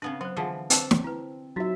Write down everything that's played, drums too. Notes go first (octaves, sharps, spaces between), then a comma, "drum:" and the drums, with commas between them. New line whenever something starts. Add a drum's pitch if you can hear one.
C#3 B3 C4 D4 B4
F#3 B3 C5
D3 E3 F3 F4 G#4 F#5
C4 D4 A4 B4, drum: hi-hat
drum: snare
E4 B4
F#3 D#4 F4 E5